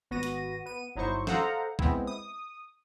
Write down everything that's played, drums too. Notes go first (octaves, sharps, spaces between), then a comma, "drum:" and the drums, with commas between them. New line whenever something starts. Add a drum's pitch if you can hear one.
G#1 B3 F#4 A#6 D#7
drum: hi-hat
B3 D#7
G1 F#3 D#4 E4 C5 C#6
A4 C5 D#5 F5 F#5 A#5, drum: snare
G#3 B3 C4 E4, drum: kick
D#6